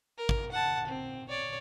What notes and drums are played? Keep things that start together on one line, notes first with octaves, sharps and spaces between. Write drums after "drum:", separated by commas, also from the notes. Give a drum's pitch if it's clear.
A#4
drum: kick
F#5 A5
C4
C#5 D5